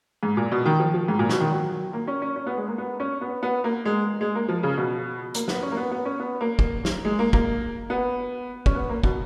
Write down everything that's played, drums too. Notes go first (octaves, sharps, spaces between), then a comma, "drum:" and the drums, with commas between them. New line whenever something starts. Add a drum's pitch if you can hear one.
G#2
A#2
B2
D#3
F3
F3
G#2
A#2
B2, drum: snare
D#3
F#3
A#3
C#4
C#4
C#4
B3
G#3
A#3
B3
C#4
B3
B3
A#3
G#3
G#3
A#3
F3
C#3
B2
A#3, drum: hi-hat
B3, drum: snare
C#4
A#3
B3
B3
C#4
B3
A#3
drum: kick
drum: snare
G#3
A#3
A#3, drum: kick
B3
C#4, drum: kick
B3
A#3
B2, drum: kick